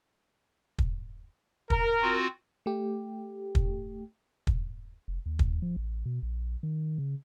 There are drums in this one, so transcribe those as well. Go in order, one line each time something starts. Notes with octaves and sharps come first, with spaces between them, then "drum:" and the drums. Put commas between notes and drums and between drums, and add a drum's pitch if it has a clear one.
drum: kick
A#4, drum: kick
C4 F4 F#4
A3 G4
drum: kick
drum: kick
F1
D#2
drum: kick
F3
A1
B2
A#1
D#3
C#3